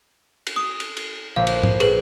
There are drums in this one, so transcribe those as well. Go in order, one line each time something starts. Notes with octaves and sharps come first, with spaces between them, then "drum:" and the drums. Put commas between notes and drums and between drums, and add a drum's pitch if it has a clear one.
drum: cymbal
D#6
drum: cymbal
drum: cymbal
A#1 F5
drum: cymbal
drum: tom G#2
G#4 B4, drum: cymbal